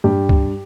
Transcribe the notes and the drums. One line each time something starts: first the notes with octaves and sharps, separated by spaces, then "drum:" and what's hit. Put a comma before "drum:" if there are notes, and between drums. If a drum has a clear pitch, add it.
G2 G4
drum: kick